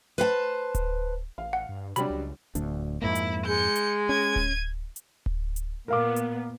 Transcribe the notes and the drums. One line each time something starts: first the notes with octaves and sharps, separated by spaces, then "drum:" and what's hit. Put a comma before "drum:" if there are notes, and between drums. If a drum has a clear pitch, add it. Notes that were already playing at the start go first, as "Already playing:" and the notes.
B4 C5 F#5 A5
drum: kick D1, hi-hat
A1 F5
F#5
G2
C3 F#3 G3 D4 B5, drum: hi-hat
C#2
D1 D2 D4, drum: hi-hat
F2 G#2 A#3 E4
drum: hi-hat
G#3 G6 C#7
drum: hi-hat
C#4 G#6 D#7
drum: kick D1
drum: hi-hat
drum: kick D1
drum: hi-hat
A#2 B3 A#4 F5 D6
drum: hi-hat